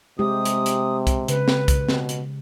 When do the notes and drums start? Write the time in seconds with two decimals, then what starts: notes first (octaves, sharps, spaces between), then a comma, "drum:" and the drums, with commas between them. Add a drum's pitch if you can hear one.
0.19 C3 G#3 G4 D#6
0.45 drum: hi-hat
0.66 drum: hi-hat
1.07 drum: kick C2, hi-hat
1.28 C#3 B4, drum: hi-hat
1.48 drum: snare
1.68 drum: kick C2, hi-hat
1.89 B2, drum: snare
2.09 drum: hi-hat